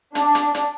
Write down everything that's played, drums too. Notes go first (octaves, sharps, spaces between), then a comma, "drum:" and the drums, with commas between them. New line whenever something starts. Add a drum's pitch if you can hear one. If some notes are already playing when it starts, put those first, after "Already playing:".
D4, drum: hi-hat
drum: hi-hat
drum: hi-hat